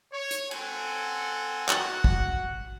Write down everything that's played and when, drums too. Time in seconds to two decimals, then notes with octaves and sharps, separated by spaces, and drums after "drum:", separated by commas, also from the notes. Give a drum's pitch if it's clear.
0.13 C#5
0.31 drum: hi-hat
0.51 C4 A4 F#5 G#5, drum: cymbal
1.69 F#4 F#5, drum: clap
2.04 drum: kick